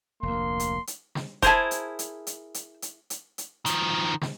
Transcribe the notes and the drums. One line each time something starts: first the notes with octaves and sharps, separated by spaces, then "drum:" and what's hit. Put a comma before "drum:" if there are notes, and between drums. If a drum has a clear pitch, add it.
F1 D2 A#3 C6
drum: hi-hat
drum: hi-hat
drum: snare
E4 G#4 A#4 C5 A5, drum: kick E1, hi-hat
drum: hi-hat
drum: hi-hat
drum: hi-hat
drum: hi-hat
drum: hi-hat
drum: hi-hat
drum: hi-hat
D#3 F3, drum: hi-hat
drum: snare